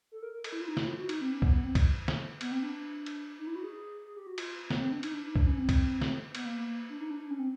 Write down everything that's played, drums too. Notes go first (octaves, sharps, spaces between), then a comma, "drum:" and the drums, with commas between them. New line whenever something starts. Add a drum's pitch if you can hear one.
A4
A#4
A#4
A4, drum: cymbal
E4
F4
D#4
E4, drum: snare
F4
F#4
D#4, drum: cymbal
C4
C#4
B3, drum: kick
B3
C4
drum: kick, cymbal
drum: snare
B3, drum: cymbal
C4
D4
drum: cymbal
D#4
E4
F#4
G#4
G#4
G4
F#4
F4, drum: cymbal
B3, drum: snare
C4
D4
D#4, drum: cymbal
D4
D#4
D4, drum: kick
C#4
C4
drum: kick, cymbal
drum: snare
B3, drum: cymbal
A#3
A#3
A#3
D4
D#4
D4
D4
C#4
C4